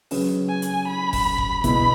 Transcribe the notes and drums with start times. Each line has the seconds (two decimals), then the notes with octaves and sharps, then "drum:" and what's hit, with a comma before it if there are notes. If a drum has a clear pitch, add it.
0.11 C#3 F#3 C#4 G#4 B4, drum: open hi-hat
0.49 G#5
0.62 drum: hi-hat
0.88 B5
1.13 drum: kick F1, open hi-hat
1.38 drum: kick F1
1.64 C#2 B2 B3 E4 B5, drum: kick F1, hi-hat